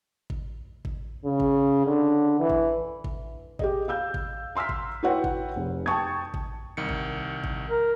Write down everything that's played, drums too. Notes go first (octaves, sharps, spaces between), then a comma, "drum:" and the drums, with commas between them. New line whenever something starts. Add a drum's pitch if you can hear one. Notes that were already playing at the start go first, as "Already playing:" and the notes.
drum: kick G#1
drum: kick G#1
C#3
drum: kick G#1
D3
E3
drum: kick G#1
drum: kick G#1
G4 G#4 D#5, drum: kick G#1
F5 E6 G6
drum: kick G#1
A#5 C6 E6 F6 B6
drum: kick G#1
E4 F#4 B4 C#5 F#5 G5
drum: kick G#1
F1
G5 A5 C#6 D#6 G#6
drum: kick G#1
C2 D#3 C#7
drum: kick G#1
drum: kick G#1
A#4